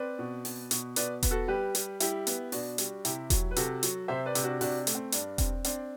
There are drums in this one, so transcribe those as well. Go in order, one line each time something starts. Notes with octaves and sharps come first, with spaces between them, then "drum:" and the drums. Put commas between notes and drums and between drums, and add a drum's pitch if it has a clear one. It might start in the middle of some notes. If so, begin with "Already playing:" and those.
Already playing: C4 B4 D5
B2
B2, drum: open hi-hat
B2, drum: hi-hat
B2 B4 D5, drum: hi-hat
B3, drum: kick E1, hi-hat
F#4 A4
G3 G4 B4
G3, drum: hi-hat
G3 E4 G4, drum: hi-hat
B3, drum: hi-hat
B2 D4 F#4, drum: open hi-hat
G3, drum: hi-hat
C3 E4 G4, drum: hi-hat
F#3, drum: kick E1, hi-hat
B4
C3 F#4 A4, drum: hi-hat
F#3, drum: hi-hat
C3 C5 E5
B4 D5
C3, drum: hi-hat
D4 F#4
C3 D4 F#4, drum: open hi-hat
D4
A3, drum: hi-hat
C4
G2 D4, drum: hi-hat
C4, drum: kick E1, hi-hat
C4 D4, drum: hi-hat